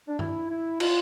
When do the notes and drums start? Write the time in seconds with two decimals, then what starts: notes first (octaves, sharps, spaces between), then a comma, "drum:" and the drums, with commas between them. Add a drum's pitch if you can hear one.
0.08 D4
0.19 E4, drum: tom G2
0.50 E4
0.80 F4, drum: cymbal